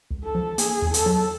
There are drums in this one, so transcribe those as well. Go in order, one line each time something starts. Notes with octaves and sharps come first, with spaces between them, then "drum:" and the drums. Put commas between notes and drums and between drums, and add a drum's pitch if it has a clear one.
C#2
A4
F3
A#3 G#4, drum: hi-hat
E2
A4, drum: hi-hat
F#3